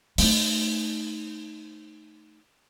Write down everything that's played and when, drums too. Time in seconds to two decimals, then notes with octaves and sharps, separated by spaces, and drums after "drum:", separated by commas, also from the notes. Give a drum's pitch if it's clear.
0.18 A3 D#4, drum: open hi-hat